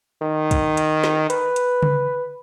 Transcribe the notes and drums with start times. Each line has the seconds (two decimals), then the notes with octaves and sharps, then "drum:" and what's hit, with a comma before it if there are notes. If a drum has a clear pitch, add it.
0.22 D#3
0.51 drum: kick, hi-hat
0.77 drum: hi-hat
1.04 drum: snare
1.30 B4, drum: hi-hat
1.56 drum: hi-hat
1.82 drum: tom C#3